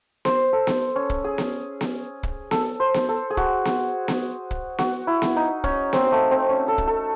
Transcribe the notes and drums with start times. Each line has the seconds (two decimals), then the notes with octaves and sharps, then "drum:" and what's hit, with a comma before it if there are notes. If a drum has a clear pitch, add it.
0.25 C5, drum: snare B3
0.53 A4
0.67 drum: snare B3
0.96 C#4
1.10 drum: kick
1.24 G#4
1.38 drum: snare B3
1.81 drum: snare B3
2.23 drum: kick
2.51 A4, drum: snare B3
2.80 C5
2.94 drum: snare B3
3.09 A4
3.30 G#4
3.37 F#4, drum: kick
3.65 drum: snare B3
4.08 drum: snare B3
4.51 drum: kick
4.78 F#4, drum: snare B3
5.07 E4
5.22 drum: snare B3
5.36 D#4
5.64 C#4, drum: kick
5.93 C4, drum: snare B3
6.12 A3
6.31 C4
6.49 C#4
6.68 A4
6.78 drum: kick
6.87 A4